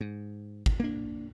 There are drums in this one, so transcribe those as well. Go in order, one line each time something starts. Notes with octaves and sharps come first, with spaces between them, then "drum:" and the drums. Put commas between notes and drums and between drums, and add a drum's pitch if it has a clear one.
G#2
drum: kick
A#3 D4